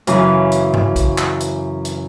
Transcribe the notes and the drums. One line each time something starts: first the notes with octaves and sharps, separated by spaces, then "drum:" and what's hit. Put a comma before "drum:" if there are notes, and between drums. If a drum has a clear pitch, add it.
F#2 C#3 E3, drum: hi-hat
drum: hi-hat
drum: tom
drum: kick, hi-hat
drum: clap
drum: hi-hat
drum: hi-hat